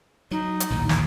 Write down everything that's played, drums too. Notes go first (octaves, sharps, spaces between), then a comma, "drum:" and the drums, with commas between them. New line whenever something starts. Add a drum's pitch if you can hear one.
F#3 D#4
drum: hi-hat
A#1 D#2 A2
drum: snare